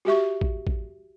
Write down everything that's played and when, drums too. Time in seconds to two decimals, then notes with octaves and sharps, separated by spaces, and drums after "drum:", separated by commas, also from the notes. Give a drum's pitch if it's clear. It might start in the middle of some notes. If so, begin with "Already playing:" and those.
0.05 F#4 G4 E5 C#6
0.41 drum: kick
0.67 drum: kick